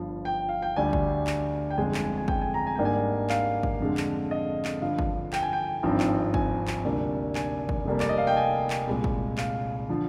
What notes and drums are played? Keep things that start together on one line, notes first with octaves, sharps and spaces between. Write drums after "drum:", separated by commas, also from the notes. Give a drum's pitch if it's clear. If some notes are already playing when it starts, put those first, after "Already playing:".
Already playing: G1 G2 F3
G5
F5
G5
D2 D3 G3 D4 G#5
drum: kick
drum: clap
G5
G1 F2 D3 G#3 G#5
drum: clap
G#5
G#5
G5, drum: kick
G#5
A#5
G#5
G#2 G3 A#3 D4 G5
G#5
F5, drum: clap
drum: kick
F2 D3 G#3
drum: clap
D#5
drum: clap
G2 D3 F3 F5
drum: kick
G5, drum: clap
G#5
G5
G#1 G2 F3 C4 D#4
drum: clap
G#5, drum: kick
drum: clap
D2 C3 G3 A#3 D4
G#5, drum: clap
drum: kick
F1 F2 C3 G3 A#3
D5, drum: clap
D#5
F5
G5
G#5
drum: clap
C2 A#2 G#3
drum: kick
F5, drum: clap
D3 F3